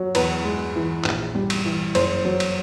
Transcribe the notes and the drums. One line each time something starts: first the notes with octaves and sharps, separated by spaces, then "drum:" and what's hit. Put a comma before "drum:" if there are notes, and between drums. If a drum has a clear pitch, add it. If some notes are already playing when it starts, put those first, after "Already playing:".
Already playing: F#3
E2 B4, drum: cymbal
G#3
E3
A#1, drum: clap
G3
drum: cymbal
E3
F#1 C5, drum: cymbal
F#3
drum: cymbal